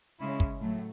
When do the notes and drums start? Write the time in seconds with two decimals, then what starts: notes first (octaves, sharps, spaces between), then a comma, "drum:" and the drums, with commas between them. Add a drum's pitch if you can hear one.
0.20 C#3 G#3 C#4 E4
0.40 drum: kick
0.61 A2 F#3 A3